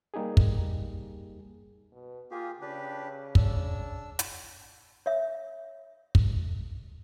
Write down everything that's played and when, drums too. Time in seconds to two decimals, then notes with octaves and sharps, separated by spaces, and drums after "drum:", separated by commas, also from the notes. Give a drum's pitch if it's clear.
0.14 G3 A#3 D#4 G4 G#4
0.37 drum: kick
1.92 B2
2.31 A#3 F4 G4 G#4
2.61 C#3 D4 G4 B4
3.35 D4 E6, drum: kick
4.19 drum: hi-hat
5.06 C#5 E5
6.15 drum: kick